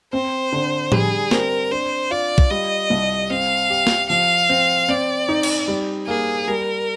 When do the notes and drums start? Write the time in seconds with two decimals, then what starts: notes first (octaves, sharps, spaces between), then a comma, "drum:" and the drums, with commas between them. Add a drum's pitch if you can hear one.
0.13 C4 C5
0.52 D3
0.92 G3 G#4, drum: tom A2
1.31 C4 A#4, drum: snare
1.71 D4 C5
2.11 F4 D5
2.38 drum: kick
2.51 G3 D#5
2.90 C2
3.30 C4 F5
3.70 G4
3.87 drum: snare
4.09 F3 F5
4.49 C4
4.89 C4 D5
5.29 D#4
5.43 drum: cymbal
5.68 G3
6.07 A#3 G#4
6.47 G3 A#4